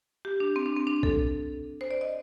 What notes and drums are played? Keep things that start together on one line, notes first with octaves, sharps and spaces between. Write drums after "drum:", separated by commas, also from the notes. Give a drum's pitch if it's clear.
G4
D4
C4
D4
C4
D4
A4, drum: kick B1
C5
D5
D#5